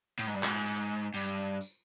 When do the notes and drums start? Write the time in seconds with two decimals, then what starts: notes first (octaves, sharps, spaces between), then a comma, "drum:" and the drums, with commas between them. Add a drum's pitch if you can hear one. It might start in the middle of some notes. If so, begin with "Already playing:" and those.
0.19 A2, drum: tambourine
0.27 G#2
0.34 G2
0.43 G#2, drum: clap
0.66 drum: tambourine
1.14 G2, drum: tambourine
1.61 drum: tambourine